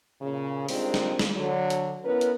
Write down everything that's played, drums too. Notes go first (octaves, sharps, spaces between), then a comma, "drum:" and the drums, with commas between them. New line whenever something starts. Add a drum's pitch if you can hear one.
A#2 C#3
D#3 G3 G#3 C4 D4 F4, drum: open hi-hat
drum: snare
drum: snare
D3 F#3
drum: hi-hat
B3 C#4 E4 A#4 B4
drum: hi-hat